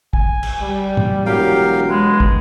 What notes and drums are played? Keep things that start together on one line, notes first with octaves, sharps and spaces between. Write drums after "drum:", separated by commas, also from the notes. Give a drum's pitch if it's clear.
G#5, drum: kick
drum: cymbal
G3
drum: tom G#2
E1 F#3 G4 A#4 F5 G5
G#3 B4
drum: kick